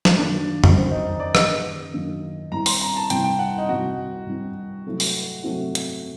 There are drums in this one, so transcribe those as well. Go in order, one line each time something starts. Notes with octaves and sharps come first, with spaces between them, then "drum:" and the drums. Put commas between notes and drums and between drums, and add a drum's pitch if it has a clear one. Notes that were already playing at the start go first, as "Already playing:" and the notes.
drum: snare
F#2 D#3 F#3 A#3 D4
drum: tom F2
F#2 D#3 F#3 A#3 C4
D#4
D#4
D5
F#2 D#3 F#3 A#3 D#5, drum: rim click
F#2 D#3 F#3 A#3
C2 C3 G3 C4 A#5
C6, drum: open hi-hat
A#5
A5
C2 C3 G3 C4 G5, drum: hi-hat
G5
F#5
D#4
C2 C3 G3 C4 F#4
C2 C3 G3 C4
C3 F#3 A3 C4 F#4
drum: open hi-hat
C3 F#3 A3 C4 F#4
drum: hi-hat
C3